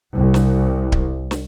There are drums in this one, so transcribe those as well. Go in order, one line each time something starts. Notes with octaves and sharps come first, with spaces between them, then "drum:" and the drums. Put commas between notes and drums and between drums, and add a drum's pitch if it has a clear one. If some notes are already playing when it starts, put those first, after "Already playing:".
C2
drum: snare
drum: kick D1
drum: snare